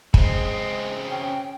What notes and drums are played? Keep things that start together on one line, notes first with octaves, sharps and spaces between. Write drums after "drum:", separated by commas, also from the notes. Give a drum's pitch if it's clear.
C#3 G#3 C4, drum: kick
C#4 G5